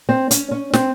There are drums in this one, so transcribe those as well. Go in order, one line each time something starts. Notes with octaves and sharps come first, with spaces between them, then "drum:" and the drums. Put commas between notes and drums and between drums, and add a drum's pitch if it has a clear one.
C4
C#4, drum: hi-hat
C#4
C4, drum: snare